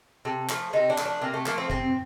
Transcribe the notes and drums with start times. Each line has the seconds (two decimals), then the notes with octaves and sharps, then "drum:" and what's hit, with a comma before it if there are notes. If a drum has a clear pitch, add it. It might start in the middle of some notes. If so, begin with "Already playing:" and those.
0.25 C3 A4
0.49 F3 A3, drum: clap
0.73 C3 D#4
0.90 D4
0.98 F3 A3, drum: clap
1.05 D4
1.21 C3 A#3
1.34 A3
1.46 F3 A3 A#3, drum: clap
1.58 C4
1.70 C3 C4, drum: kick